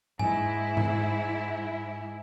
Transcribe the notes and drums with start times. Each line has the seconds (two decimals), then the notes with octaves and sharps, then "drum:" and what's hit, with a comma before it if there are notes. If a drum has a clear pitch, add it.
0.19 G#2 E4 G#5, drum: tom G#2
0.77 drum: tom G#2